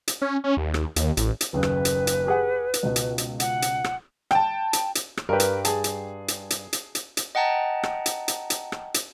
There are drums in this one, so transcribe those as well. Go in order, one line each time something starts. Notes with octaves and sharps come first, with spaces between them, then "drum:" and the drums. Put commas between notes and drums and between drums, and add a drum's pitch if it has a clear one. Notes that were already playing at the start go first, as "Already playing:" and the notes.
drum: hi-hat
C#4
C#4
D#2
drum: rim click
D#2, drum: hi-hat
A1, drum: hi-hat
drum: hi-hat
F#1 D#2 C#3 B4
drum: rim click
drum: hi-hat
drum: hi-hat
G4 G#4 F#5
drum: hi-hat
C#2 B2
drum: hi-hat
drum: hi-hat
F#5, drum: hi-hat
drum: hi-hat
drum: rim click
G5 A5, drum: rim click
drum: hi-hat
drum: hi-hat
drum: rim click
G2 G4 A#4 B4
drum: hi-hat
G#4 A5, drum: hi-hat
drum: hi-hat
drum: hi-hat
drum: hi-hat
drum: hi-hat
drum: hi-hat
drum: hi-hat
D#5 F#5 G5 A5 A#5
drum: rim click
drum: hi-hat
drum: hi-hat
drum: hi-hat
drum: rim click
drum: hi-hat